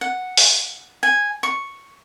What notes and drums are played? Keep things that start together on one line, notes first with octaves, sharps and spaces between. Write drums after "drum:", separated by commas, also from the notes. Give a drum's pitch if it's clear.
F#5
drum: open hi-hat
G#5
C#6